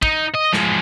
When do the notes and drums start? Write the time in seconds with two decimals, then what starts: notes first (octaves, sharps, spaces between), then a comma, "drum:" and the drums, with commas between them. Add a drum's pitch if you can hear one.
0.03 D#4, drum: kick
0.35 D#5
0.53 F3 G#3, drum: snare